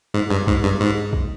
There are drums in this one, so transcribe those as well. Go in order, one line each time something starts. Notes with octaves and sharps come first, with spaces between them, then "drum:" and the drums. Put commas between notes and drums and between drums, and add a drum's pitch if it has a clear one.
G#2
G2
G#2, drum: kick B1
G2
G#2
drum: kick B1